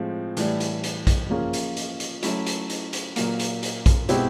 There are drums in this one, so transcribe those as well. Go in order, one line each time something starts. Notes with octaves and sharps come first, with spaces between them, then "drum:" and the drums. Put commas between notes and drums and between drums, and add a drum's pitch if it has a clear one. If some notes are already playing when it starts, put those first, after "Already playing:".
Already playing: A2 F3 G#3 C4
A2 E3 G3, drum: hi-hat
drum: hi-hat
drum: hi-hat
drum: kick A#1, hi-hat
F3 A#3 C#4 F4 G#4
drum: hi-hat
drum: hi-hat
drum: hi-hat
F#3 A3 C#4 E4, drum: hi-hat
drum: hi-hat
drum: hi-hat
drum: hi-hat
A#2 F#3 A#3, drum: hi-hat
drum: hi-hat
drum: hi-hat
drum: kick A#1, hi-hat
B2 G#3 C4 E4 G4, drum: hi-hat